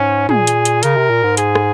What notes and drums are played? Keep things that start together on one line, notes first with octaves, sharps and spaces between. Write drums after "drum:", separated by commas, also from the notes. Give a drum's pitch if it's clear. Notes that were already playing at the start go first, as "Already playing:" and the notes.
Already playing: G#2 C#4
A#2 G#4, drum: tom
drum: hi-hat
drum: hi-hat
C#3 A#4, drum: hi-hat
C3
A#2
G#2
G#4, drum: hi-hat
drum: rim click